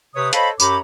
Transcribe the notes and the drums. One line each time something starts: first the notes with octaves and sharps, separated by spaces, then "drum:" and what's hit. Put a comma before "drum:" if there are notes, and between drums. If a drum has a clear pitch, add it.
C3 B4 C#5 D#6
A4 C5 C#5 D#5 F5 B5, drum: hi-hat
F#2 G4 C#5 A#5 B5 D6, drum: tambourine